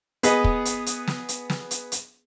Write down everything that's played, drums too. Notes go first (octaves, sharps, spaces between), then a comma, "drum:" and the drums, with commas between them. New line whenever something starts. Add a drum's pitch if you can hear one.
B3 G#4 B4 D#5, drum: hi-hat
drum: kick
drum: hi-hat
drum: hi-hat
drum: snare
drum: hi-hat
drum: snare
drum: hi-hat
drum: hi-hat